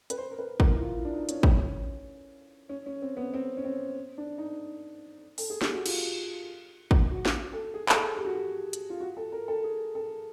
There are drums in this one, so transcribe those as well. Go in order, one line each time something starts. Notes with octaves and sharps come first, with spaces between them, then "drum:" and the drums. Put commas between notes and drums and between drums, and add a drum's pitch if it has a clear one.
B4, drum: hi-hat
C5
A#4
B4
A#4, drum: kick
E4
F4
E4
D4
D#4
C#4, drum: hi-hat
C#4, drum: kick
C#4
C#4
C4
B3
C4
C#4
C4
D4
D#4
A4, drum: open hi-hat
G#4
G4, drum: snare
F#4
F4, drum: cymbal
drum: kick
F#4
drum: snare
A4
G#4
A4, drum: clap
G#4
G4
F#4
G4
drum: hi-hat
F4
F#4
A4
A#4
A4
G#4
A4